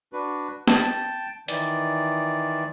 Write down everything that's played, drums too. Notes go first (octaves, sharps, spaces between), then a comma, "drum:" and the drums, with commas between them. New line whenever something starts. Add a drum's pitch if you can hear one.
D4 F#4 B4
G5 A5, drum: snare
D#3 E3 D5, drum: hi-hat